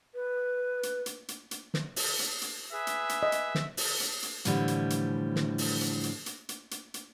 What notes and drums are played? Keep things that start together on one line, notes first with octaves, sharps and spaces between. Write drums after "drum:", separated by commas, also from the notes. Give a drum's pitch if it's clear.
B4
drum: hi-hat
drum: hi-hat
drum: hi-hat
drum: hi-hat
drum: snare
drum: open hi-hat
drum: hi-hat
drum: hi-hat
G#4 B4 E5
drum: hi-hat
drum: hi-hat
D#5
drum: hi-hat
drum: snare
drum: open hi-hat
drum: hi-hat
drum: hi-hat
A2 D3 E3 F3 G3, drum: hi-hat
drum: hi-hat
drum: hi-hat
drum: snare
drum: open hi-hat
drum: hi-hat
drum: hi-hat
drum: hi-hat
drum: hi-hat
drum: hi-hat
drum: hi-hat